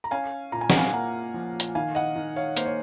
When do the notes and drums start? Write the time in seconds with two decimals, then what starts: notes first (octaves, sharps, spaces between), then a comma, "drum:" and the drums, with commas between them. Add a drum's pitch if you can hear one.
0.04 A#5
0.11 C#4 F5 G#5
0.52 A#2 A#5
0.61 G#5
0.70 F#5, drum: snare
0.77 F5 G#5
0.93 A#3 F#5 A#5
1.34 F3
1.60 drum: hi-hat
1.75 D#3 F5 G#5
1.95 D#5 F#5
2.16 D#3
2.36 C#5 F5
2.57 A#3 C5, drum: hi-hat
2.66 C#5